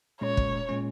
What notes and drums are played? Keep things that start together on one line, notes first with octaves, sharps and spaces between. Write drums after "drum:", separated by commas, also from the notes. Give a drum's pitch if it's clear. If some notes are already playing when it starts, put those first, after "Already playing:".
A#2 G#3 C#4 C#5
drum: kick
A#2 G#3 C#4